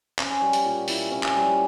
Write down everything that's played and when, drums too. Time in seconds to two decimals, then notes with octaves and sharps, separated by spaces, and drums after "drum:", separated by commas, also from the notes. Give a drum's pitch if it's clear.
0.19 C#4, drum: clap
0.41 G3
0.53 drum: hi-hat
0.65 A#2
0.88 E4, drum: open hi-hat
1.11 C#4
1.23 drum: clap
1.34 G3